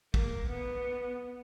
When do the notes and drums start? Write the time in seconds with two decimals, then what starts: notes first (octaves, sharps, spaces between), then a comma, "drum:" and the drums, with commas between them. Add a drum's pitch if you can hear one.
0.14 A#3, drum: kick
0.49 B3